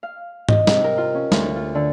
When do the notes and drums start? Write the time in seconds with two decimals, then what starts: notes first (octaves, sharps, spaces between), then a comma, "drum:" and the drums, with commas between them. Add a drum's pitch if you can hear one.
0.03 F5
0.49 D#5, drum: tom G#2
0.67 C3, drum: snare
0.84 A#4
0.98 F4
1.15 C#4
1.32 D2, drum: snare
1.56 F4
1.75 D3